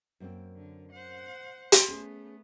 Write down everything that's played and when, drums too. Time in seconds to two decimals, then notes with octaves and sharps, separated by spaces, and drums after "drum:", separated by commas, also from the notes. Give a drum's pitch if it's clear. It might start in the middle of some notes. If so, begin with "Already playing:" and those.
0.20 F#2 A#3 C4
0.56 D3
0.92 C5 F#5
1.72 drum: hi-hat
1.88 A3 B3 C#4 G#4